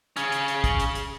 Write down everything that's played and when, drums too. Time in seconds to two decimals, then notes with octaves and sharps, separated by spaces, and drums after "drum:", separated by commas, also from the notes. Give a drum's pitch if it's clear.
0.17 C#3 C#4, drum: hi-hat
0.32 drum: hi-hat
0.48 drum: hi-hat
0.64 drum: kick, hi-hat
0.80 drum: hi-hat
0.95 drum: hi-hat